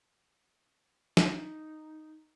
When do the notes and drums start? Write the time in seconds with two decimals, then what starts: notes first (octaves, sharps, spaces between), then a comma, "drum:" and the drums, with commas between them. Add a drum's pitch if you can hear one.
1.17 D#4, drum: snare